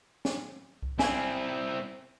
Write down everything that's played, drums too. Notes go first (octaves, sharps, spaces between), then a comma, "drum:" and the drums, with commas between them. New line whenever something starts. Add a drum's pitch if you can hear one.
drum: snare
drum: kick C2
C4 E4 D5 F5 G#5, drum: snare